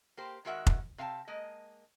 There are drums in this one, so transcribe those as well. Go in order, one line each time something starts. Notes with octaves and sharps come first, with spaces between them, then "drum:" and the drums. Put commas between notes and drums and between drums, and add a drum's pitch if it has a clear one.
A#3 G4 C5
D#3 G#3 F#4 A#4 E5 F#5
drum: kick F1
C3 F5 G5 A5
G#3 A#3 D#5